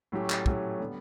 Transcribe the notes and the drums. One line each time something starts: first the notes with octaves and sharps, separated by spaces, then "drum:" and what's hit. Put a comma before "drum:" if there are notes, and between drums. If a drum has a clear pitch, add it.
A2 F#3 A3 C#4 G4
drum: clap
A2 F#3 A3 C#4 G4, drum: kick
D3 G3 B3